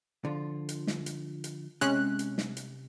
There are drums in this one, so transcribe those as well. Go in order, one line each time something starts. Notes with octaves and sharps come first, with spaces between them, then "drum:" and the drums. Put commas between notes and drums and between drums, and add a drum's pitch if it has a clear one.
D3 F3 F4
drum: hi-hat
drum: snare
drum: hi-hat
drum: hi-hat
C3 G#3 C#4 F#6, drum: hi-hat
drum: hi-hat
drum: snare
drum: hi-hat